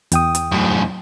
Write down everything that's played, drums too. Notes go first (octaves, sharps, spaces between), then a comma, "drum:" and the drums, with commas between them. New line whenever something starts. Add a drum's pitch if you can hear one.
E2 G5 D#6, drum: hi-hat
drum: hi-hat
F#2 A2